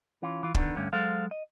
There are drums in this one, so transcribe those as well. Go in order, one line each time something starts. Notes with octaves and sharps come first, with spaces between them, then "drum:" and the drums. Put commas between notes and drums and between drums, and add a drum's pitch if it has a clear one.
E3 C#4 F4
E3 F4
D3 D#3 B3 D4, drum: kick
D2 G2 D3 C#4
F#3 G#3 A4 C5 F5
D#5